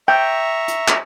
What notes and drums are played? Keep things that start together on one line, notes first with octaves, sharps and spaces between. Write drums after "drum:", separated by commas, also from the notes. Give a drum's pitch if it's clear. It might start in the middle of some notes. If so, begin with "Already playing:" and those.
E5 G5 A#5 C#6
drum: hi-hat
drum: clap